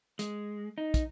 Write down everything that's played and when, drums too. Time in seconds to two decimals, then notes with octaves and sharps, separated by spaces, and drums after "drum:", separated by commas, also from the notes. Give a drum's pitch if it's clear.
0.19 G#3, drum: hi-hat
0.78 D#4
0.94 drum: kick, hi-hat